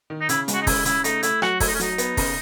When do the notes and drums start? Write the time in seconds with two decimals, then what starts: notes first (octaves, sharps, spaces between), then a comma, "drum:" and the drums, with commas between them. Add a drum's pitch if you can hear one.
0.10 D#3
0.21 D#4
0.29 C#3 E4, drum: hi-hat
0.48 G#3, drum: hi-hat
0.54 F#4
0.62 D#4
0.67 C#3 E4, drum: kick, open hi-hat
0.85 C#3 E4, drum: hi-hat
1.04 A3 D#4, drum: hi-hat
1.23 A3 E4, drum: hi-hat
1.42 F#3 F#4, drum: rim click
1.60 A3 E4, drum: kick, open hi-hat
1.68 D#4
1.75 C#4
1.80 F#3 D#4, drum: hi-hat
1.98 B3, drum: hi-hat
2.17 C#3, drum: kick, open hi-hat